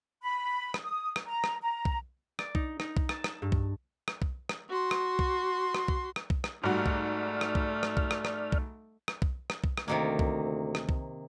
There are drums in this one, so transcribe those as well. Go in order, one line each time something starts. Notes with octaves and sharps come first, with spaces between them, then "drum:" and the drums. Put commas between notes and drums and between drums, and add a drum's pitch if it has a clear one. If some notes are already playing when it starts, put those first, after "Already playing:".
B5
drum: rim click
D#6
drum: rim click
A#5
drum: rim click
A#5
drum: kick B1
D5, drum: rim click
D#4, drum: kick B1
D#4, drum: rim click
drum: kick B1
A5, drum: rim click
drum: rim click
G2
drum: kick B1
drum: rim click
drum: kick B1
drum: rim click
F#4 C6
drum: rim click
drum: kick B1
drum: rim click
drum: kick B1
drum: rim click
drum: kick B1
drum: rim click
G#2 G3 A3 F#4 D5 F6
drum: kick B1
drum: rim click
drum: kick B1
drum: rim click
drum: kick B1
drum: rim click
drum: rim click
drum: kick B1
drum: rim click
drum: kick B1
drum: rim click
drum: kick B1
drum: rim click
D2 C3 D#3 A#3
drum: kick B1
drum: rim click
drum: kick B1